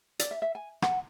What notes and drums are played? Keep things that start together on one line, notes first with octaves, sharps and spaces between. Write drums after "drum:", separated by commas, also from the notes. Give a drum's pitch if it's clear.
D5, drum: hi-hat
E5
E5
G#5
F#5, drum: rim click